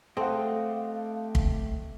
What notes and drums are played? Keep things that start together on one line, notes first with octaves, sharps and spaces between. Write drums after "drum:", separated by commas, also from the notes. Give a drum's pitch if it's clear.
A3 C4 G4 A4 D#5 F5 F#5
drum: kick